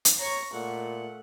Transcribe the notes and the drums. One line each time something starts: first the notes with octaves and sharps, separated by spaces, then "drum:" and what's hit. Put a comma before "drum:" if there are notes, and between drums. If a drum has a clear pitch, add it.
drum: hi-hat
C#5 A#5 C#6
A#2 A3 F#5